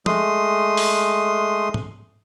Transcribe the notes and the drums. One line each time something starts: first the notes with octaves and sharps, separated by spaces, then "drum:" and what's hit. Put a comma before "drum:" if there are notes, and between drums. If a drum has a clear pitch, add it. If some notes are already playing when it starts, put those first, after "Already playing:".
G#3 A3 C6 D#6, drum: tom
drum: open hi-hat
drum: tom